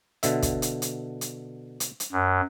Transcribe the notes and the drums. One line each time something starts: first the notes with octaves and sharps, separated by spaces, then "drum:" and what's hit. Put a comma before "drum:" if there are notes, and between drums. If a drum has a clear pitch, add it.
B2 D3 E5, drum: hi-hat
drum: kick, hi-hat
drum: hi-hat
drum: hi-hat
drum: hi-hat
drum: hi-hat
drum: hi-hat
F#2